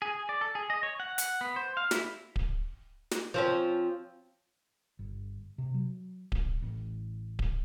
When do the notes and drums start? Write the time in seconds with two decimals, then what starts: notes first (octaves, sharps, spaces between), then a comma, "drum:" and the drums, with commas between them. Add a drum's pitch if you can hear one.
0.02 G#4
0.29 D5
0.41 A4
0.55 G#4
0.70 D#5
0.83 C#5
1.00 F#5
1.18 F#5, drum: hi-hat
1.41 B3
1.56 C5
1.77 F5
1.91 E4, drum: snare
2.36 drum: kick D1
3.11 drum: snare
3.34 F3 C4 C#4
4.99 G1
5.58 C3
5.74 F#3
6.32 A#1, drum: kick D1
6.62 A1
7.39 drum: kick D1